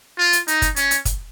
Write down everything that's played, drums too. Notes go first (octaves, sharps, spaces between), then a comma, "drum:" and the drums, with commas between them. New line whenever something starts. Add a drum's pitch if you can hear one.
F4
drum: hi-hat
D#4, drum: hi-hat
drum: kick, hi-hat
C#4, drum: hi-hat
drum: hi-hat
drum: kick, hi-hat